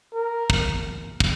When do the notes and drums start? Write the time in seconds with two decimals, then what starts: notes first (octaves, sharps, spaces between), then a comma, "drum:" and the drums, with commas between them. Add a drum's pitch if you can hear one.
0.14 A#4
0.50 drum: kick
1.20 drum: kick